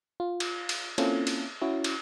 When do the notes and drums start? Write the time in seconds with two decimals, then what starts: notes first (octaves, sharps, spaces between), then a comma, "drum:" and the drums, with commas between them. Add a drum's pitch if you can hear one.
0.20 F4
0.40 drum: cymbal
0.69 drum: cymbal
0.98 A#3 C4 C#4 E4 F4 A4, drum: cymbal
1.27 drum: cymbal
1.61 C#4 E4 F#4 C#5
1.84 drum: cymbal